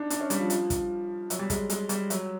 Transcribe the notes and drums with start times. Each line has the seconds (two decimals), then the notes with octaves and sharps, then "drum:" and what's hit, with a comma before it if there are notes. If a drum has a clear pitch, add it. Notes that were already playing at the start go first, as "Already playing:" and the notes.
Already playing: D4 D#4
0.10 D4, drum: hi-hat
0.20 C#4
0.30 G3, drum: hi-hat
0.40 F3
0.50 F3, drum: hi-hat
0.70 drum: kick, hi-hat
1.30 F#3, drum: hi-hat
1.39 G3
1.50 G#3, drum: kick, hi-hat
1.70 G#3, drum: hi-hat
1.89 G3, drum: hi-hat
2.10 F#3, drum: hi-hat